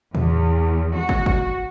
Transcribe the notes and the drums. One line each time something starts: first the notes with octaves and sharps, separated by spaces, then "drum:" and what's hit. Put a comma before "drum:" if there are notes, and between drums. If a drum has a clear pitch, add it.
E2, drum: tom A2
F#4
drum: kick
drum: kick